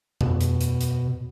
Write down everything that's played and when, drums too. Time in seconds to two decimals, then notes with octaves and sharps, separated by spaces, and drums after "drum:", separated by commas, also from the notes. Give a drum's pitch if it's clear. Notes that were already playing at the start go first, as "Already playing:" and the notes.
0.21 B2, drum: tom F2
0.41 drum: hi-hat
0.61 drum: hi-hat
0.81 drum: hi-hat